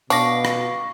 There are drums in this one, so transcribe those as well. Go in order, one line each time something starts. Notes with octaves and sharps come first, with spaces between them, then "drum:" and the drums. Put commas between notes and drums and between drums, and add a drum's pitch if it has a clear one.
B2 D4 F5 C#6 D6 A#6, drum: tambourine
drum: rim click